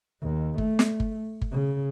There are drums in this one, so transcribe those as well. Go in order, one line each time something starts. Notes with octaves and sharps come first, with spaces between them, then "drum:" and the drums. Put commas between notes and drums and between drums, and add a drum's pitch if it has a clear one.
D#2
A3, drum: kick G1
drum: snare
drum: kick G1
drum: kick G1
C#3